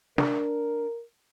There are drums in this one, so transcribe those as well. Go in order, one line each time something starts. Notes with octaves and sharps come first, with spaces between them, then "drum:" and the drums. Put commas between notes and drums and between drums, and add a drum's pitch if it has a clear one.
D4 A#4, drum: snare